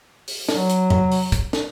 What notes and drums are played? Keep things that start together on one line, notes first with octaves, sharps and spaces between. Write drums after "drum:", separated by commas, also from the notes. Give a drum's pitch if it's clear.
drum: open hi-hat
F#3, drum: snare
drum: hi-hat
drum: tom E2
drum: open hi-hat
drum: kick, hi-hat
drum: snare